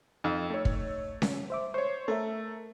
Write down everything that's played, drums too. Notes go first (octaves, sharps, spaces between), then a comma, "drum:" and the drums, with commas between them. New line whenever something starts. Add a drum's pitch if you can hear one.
F2 D#4 E6
A3 C#5
drum: kick
drum: snare C#4
C5 E5 D6
C5 C#5 C#6
A3 A4 A#4 E5